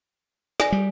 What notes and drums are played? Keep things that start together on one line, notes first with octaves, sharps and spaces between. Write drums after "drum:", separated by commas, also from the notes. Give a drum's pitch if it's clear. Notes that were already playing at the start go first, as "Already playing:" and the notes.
D5 G#5 A#6, drum: snare
G3